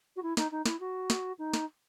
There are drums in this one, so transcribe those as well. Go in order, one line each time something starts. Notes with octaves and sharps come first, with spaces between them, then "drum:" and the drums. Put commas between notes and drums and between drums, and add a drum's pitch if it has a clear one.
F#4
E4
D#4, drum: snare
D#4
E4, drum: snare
F#4
drum: snare
D#4
drum: snare